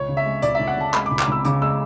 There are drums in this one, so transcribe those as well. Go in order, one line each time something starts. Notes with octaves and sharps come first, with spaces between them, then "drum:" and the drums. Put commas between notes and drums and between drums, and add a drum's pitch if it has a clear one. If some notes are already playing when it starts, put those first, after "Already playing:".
Already playing: C#2 C#5
C#3
E5
G#3
C#2 D5, drum: hi-hat
C#2 E5
F#5
C#3 A5
G#3 B5, drum: clap
D6
C#2
D6, drum: clap
C#2 E6
C#3 D6, drum: hi-hat
G#3 E6